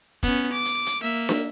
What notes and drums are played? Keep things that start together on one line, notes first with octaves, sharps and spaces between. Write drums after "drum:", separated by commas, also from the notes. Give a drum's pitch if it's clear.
B3 C#4, drum: kick, hi-hat
D6
drum: hi-hat
drum: hi-hat
A#3 E5
drum: snare